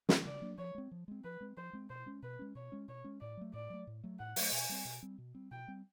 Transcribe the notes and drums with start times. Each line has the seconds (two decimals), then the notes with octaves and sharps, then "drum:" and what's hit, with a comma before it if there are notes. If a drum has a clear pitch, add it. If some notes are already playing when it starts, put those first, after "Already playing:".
0.09 F#3 A#3 D4, drum: snare
0.25 C#3 D5
0.42 F#3 A#3 D4
0.58 F3 C#5
0.75 G#3 C4
0.91 F3
1.08 G#3 C4
1.24 F3 B4
1.41 G#3 C4
1.57 F3 C5
1.73 G#3 C4
1.90 B2 C5
2.06 G#3 C#4
2.23 B2 B4
2.39 G#3 C#4
2.55 B2 C#5
2.72 G#3 C#4
2.88 B2 C#5
3.04 G#3 C#4
3.21 A2 D5
3.37 F#3 A3
3.53 A2 D5
3.70 F#3 A3
3.87 A2
4.04 F#3 A3
4.19 A2 F#5
4.36 F#3 A3, drum: open hi-hat
4.52 B2 G#5
4.69 G3 C4
4.85 B2
5.03 G3 C4
5.18 B2
5.35 G3 C4
5.51 B2 G5
5.68 G3 C4